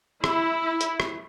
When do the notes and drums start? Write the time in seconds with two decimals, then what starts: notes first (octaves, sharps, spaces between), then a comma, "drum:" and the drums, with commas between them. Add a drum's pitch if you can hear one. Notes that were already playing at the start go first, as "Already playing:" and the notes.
0.24 E4, drum: rim click
0.81 drum: hi-hat
1.00 drum: rim click